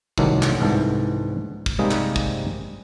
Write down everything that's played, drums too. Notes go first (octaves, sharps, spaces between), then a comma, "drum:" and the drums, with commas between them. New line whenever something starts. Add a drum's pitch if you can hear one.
C2 A2 C3 D#3 F#3 D4, drum: kick
drum: clap
C2 G#2 D3 E3 A5
drum: kick
C3 G3 G#3 A#3 D#4 G#4
drum: clap
drum: kick